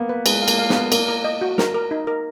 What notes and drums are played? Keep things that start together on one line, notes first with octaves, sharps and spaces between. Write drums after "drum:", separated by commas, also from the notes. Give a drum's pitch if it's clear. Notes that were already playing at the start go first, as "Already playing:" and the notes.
Already playing: A#3 B3
B4
G#3 B4, drum: cymbal
F5
A#3, drum: cymbal
F5
B3, drum: snare
F5
A#3 A#4, drum: cymbal
A#4
D#5
F#4
A#4, drum: snare
A#4
D#4
A#4